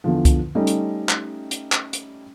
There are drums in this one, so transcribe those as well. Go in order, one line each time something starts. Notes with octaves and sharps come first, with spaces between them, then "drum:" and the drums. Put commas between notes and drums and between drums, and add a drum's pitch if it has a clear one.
E2 D3 F3
drum: kick C2, hi-hat
G3 A3 C#4 D#4
drum: hi-hat
drum: clap
drum: hi-hat
drum: clap
drum: hi-hat